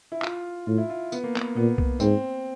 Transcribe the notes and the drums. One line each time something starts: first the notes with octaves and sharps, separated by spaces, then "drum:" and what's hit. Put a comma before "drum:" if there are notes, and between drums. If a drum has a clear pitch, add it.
E4
F4, drum: clap
A2 F4
E4
F4
B3, drum: tambourine
A#3
B3, drum: clap
A#2 B3
drum: kick C2
G#2 C4, drum: tambourine